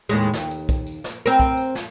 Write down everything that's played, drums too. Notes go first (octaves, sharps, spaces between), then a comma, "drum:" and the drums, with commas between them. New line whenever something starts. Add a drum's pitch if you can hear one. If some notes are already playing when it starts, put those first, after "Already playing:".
D#2 A2 G#3
D#2, drum: snare
drum: tambourine
drum: kick, tambourine
drum: tambourine
drum: snare
C4 A#4
drum: kick, tambourine
drum: tambourine
drum: snare